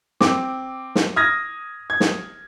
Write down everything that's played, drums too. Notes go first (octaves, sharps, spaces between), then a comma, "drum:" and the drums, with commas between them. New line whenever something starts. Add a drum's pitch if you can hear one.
C4 D6, drum: snare
drum: snare
D#6 F6 G#6 A#6
G#6
drum: snare